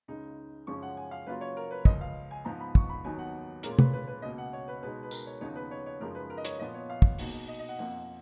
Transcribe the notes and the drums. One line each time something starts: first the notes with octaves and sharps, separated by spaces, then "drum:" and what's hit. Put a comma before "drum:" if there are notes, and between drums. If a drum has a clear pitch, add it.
C#2 C#3 G#3 D#4
F#2 C#3 F3 G#3 C#4 C#6
F#5
G#5
F5
C#3 F#3 A#3 F4 B4
C#5
A#4
B4
C#2 C#3 F3 D#5, drum: kick
F5
G#5
G#2 F3 B3 A#5
B5
C#6, drum: kick
B5
D#2 D#3 F#3 B3 D#4 G#5
F#5
A#2 G#3 C#4 F4 A#4, drum: hi-hat
B4, drum: tom
B4
B4
C#2 B2 A#3 D#5
F#5
C#5
B4
B2 G#3 D#4 B4
B4
A#4, drum: tambourine
C#5
D#2 C#3 F3 B3 D#4 C#5
B4
C#5
C#5
F#2 C#3 F3 G#3 D#4 A#4
B4
A#4
D#5
C#5, drum: hi-hat
A#2 F3 B3 F4 D#5
C#5
F5
drum: kick
B2 A#3 D#4, drum: open hi-hat
D#5
D#5
F#5
F2 F3 A#3 F#5